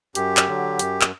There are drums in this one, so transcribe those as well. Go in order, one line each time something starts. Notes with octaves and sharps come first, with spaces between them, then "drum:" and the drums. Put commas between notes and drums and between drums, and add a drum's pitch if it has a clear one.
F#2 G4, drum: hi-hat
drum: clap
D3 F#3
F#2, drum: hi-hat
drum: clap